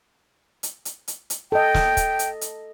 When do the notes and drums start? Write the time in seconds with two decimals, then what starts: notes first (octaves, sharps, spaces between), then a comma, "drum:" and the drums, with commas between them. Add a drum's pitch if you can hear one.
0.63 drum: hi-hat
0.85 drum: hi-hat
1.08 drum: hi-hat
1.30 drum: hi-hat
1.52 A4 D#5 G5
1.74 drum: snare
1.97 drum: kick, hi-hat
2.19 drum: hi-hat
2.41 drum: hi-hat